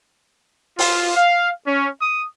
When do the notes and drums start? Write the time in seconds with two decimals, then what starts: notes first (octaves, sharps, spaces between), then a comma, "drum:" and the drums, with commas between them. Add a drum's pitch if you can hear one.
0.79 F4, drum: open hi-hat
1.15 F5
1.66 C#4
2.02 D#6